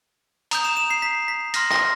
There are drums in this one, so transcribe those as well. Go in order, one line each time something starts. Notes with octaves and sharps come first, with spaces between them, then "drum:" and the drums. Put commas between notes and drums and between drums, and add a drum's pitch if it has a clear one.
A#5 D#6 G6 F7, drum: hi-hat
E7
E7
C7
B6
B6
C6 F6 A#6, drum: hi-hat
A#6, drum: clap